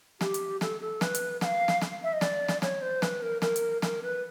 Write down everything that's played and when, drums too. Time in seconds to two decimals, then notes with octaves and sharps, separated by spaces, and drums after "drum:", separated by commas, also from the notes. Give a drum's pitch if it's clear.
0.21 G4, drum: snare
0.34 drum: hi-hat
0.61 A4, drum: snare
0.81 A4
1.01 B4, drum: snare
1.15 drum: hi-hat
1.41 F#5, drum: snare
1.45 F5
1.68 drum: snare
1.81 drum: snare
2.04 E5
2.13 D#5
2.21 D5, drum: snare
2.48 drum: snare
2.62 C#5, drum: snare
2.82 C5
3.02 B4, drum: snare
3.22 A#4
3.42 A#4, drum: snare
3.56 drum: hi-hat
3.82 A#4, drum: snare
4.02 B4